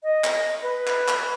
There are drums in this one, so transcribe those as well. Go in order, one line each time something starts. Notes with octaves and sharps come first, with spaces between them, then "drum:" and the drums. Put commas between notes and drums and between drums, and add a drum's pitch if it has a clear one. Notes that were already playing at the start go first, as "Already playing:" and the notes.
D#5
drum: clap
B4
drum: clap
drum: clap